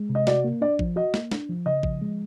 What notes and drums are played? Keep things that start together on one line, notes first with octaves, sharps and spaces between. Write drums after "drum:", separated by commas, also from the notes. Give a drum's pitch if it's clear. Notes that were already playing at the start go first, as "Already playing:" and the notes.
Already playing: G#3
C3
D#5
F#4 D5, drum: snare
A#3
D4 D5
F3, drum: kick A1
F#4 D#5
A#3, drum: snare
D4, drum: snare
F3
C#3 D#5
F3, drum: kick A1
G#3